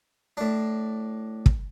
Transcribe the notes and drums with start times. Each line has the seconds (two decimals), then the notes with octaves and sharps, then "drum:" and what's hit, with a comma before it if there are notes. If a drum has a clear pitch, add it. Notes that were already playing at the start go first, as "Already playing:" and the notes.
0.37 A2 D4
1.46 drum: kick